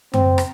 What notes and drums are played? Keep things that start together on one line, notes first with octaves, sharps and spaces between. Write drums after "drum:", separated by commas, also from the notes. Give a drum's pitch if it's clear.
C4, drum: tom F#2
drum: rim click